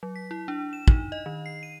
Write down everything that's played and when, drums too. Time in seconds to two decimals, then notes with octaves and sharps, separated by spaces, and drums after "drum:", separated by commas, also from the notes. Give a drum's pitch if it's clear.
0.03 F#3
0.16 B6
0.31 E4
0.48 D4
0.73 E7
0.88 D#4, drum: kick
1.12 D#5
1.26 D#3
1.46 C7
1.63 D#7